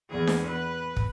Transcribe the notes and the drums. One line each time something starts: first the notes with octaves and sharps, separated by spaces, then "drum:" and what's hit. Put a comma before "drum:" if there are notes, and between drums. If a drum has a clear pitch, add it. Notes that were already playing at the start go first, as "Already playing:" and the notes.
E2 G#4
drum: snare D4
B4
drum: kick